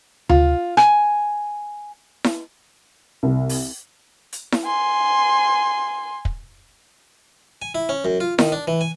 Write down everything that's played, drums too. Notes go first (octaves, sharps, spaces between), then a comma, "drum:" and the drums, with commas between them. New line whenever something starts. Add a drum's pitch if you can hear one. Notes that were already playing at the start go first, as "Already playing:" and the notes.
F4, drum: tom D2
G#5, drum: rim click
drum: snare E4
C2
drum: open hi-hat
drum: hi-hat
drum: snare E4
G#5 C6
drum: kick
G#5
E4
C#4
F#2
F4
D#3, drum: snare E4
D4
E3
G#5